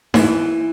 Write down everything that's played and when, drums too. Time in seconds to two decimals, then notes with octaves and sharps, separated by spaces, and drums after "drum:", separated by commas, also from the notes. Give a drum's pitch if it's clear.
0.14 E3, drum: snare D#4